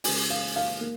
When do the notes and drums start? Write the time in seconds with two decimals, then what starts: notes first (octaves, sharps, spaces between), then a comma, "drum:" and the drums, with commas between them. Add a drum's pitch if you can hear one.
0.04 C#3 G#3 G#5, drum: open hi-hat
0.30 F5
0.56 F5
0.81 A#3